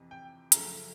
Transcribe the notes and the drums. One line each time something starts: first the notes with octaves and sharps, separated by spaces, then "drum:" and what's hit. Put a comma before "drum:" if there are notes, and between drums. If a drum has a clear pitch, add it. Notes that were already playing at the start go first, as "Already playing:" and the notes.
Already playing: F2 C3 E3
G5
F#2 C#3 F3 A3 A#5, drum: hi-hat